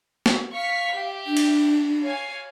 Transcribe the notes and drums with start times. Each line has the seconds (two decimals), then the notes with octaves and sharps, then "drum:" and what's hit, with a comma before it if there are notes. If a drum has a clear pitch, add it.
0.26 drum: snare
0.53 F5 C#6 F6 B6
0.94 G4 E5
1.27 D4
1.37 drum: cymbal
2.04 C#5 F5 G#5